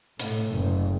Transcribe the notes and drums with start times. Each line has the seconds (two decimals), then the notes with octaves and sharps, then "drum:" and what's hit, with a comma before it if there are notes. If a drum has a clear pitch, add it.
0.20 A2, drum: hi-hat
0.51 F#1